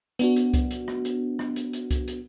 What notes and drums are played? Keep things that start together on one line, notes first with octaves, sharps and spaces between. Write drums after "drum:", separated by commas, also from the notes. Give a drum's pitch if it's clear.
B3 D4 F#4, drum: hi-hat
drum: hi-hat
drum: kick C2, hi-hat
drum: hi-hat
drum: rim click
drum: hi-hat
drum: rim click
drum: hi-hat
drum: hi-hat
drum: kick C2, hi-hat
drum: hi-hat